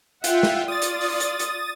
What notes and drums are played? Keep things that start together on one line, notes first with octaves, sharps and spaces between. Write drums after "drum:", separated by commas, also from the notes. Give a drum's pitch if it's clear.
F4 E5 F#5 G5, drum: hi-hat
drum: snare
F4 D5 D#6 A6
drum: hi-hat
drum: open hi-hat
drum: hi-hat
drum: hi-hat